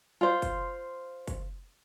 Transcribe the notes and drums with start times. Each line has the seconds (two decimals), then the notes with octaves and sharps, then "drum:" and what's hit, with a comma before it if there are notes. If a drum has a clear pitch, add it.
0.21 F4 C5
0.42 drum: kick, hi-hat
1.27 drum: kick, hi-hat